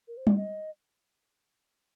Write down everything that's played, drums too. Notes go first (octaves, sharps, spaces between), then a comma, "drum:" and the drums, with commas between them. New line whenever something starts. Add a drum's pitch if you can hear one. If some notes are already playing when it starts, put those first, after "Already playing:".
A#4
C5
D5, drum: tom G3
D#5